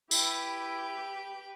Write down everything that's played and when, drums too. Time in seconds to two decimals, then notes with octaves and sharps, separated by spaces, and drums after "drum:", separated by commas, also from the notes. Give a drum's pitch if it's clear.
0.11 E4 G4 B4 G5, drum: tambourine